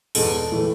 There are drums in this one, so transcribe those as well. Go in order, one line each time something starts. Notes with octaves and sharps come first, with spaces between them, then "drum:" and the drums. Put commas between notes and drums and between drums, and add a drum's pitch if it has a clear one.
E2 B2 G#3 A4, drum: open hi-hat
A2 E3 A3